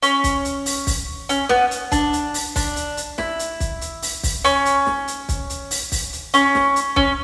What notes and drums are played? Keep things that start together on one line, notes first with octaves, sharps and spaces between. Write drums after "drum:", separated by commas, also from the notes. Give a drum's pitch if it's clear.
C#4, drum: hi-hat
drum: kick, hi-hat
drum: hi-hat
drum: open hi-hat
drum: kick, open hi-hat
C#4, drum: hi-hat
B3, drum: snare
drum: hi-hat
D4, drum: kick, hi-hat
drum: hi-hat
drum: open hi-hat
D4, drum: kick, open hi-hat
drum: hi-hat
drum: hi-hat
E4, drum: snare
drum: hi-hat
drum: kick, hi-hat
drum: hi-hat
drum: open hi-hat
drum: kick, open hi-hat
C#4, drum: hi-hat
drum: hi-hat
drum: snare
drum: hi-hat
drum: kick, hi-hat
drum: hi-hat
drum: open hi-hat
drum: kick, open hi-hat
drum: hi-hat
C#4, drum: hi-hat
drum: snare
drum: hi-hat
C#4, drum: kick